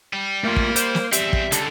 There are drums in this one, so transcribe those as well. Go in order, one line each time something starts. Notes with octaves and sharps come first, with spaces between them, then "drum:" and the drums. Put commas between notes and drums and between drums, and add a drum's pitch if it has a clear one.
G3
A3 A#3 F4
drum: kick
C5, drum: hi-hat
drum: snare
E2 G3 C4 E5, drum: hi-hat
drum: kick
C#2 D3 A4, drum: hi-hat